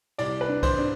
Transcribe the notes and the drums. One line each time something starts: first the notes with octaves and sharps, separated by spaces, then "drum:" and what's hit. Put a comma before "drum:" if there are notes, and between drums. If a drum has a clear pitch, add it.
C2 D5, drum: cymbal
B4
D4
C5, drum: kick C2, cymbal
D4